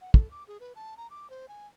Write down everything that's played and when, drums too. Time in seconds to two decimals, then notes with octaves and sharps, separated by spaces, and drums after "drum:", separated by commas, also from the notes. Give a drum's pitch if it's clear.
0.01 F#5
0.14 A4, drum: kick
0.31 D6
0.48 G#4
0.60 B4
0.76 A5
0.97 A#5
1.11 D6
1.30 C5
1.48 G#5